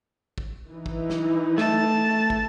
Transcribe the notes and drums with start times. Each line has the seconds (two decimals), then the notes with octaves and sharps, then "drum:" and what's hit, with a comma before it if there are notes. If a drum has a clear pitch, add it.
0.38 drum: kick
0.70 E3 D#4
0.86 drum: kick
1.10 drum: snare
1.58 A3 A5, drum: snare
2.30 drum: kick